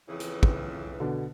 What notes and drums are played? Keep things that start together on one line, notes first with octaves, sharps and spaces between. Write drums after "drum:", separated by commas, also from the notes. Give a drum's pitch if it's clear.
F2 C#3 E3
drum: hi-hat
drum: kick
B2 D3